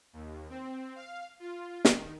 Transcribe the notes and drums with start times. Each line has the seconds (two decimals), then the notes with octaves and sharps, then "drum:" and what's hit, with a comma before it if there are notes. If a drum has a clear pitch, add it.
0.13 D#2
0.49 C4
0.96 F5
1.40 F4
1.85 D#3, drum: snare